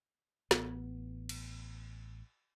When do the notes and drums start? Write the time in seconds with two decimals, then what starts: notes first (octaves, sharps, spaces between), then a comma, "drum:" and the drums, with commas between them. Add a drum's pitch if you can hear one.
0.51 A1 B3, drum: snare
1.29 drum: cymbal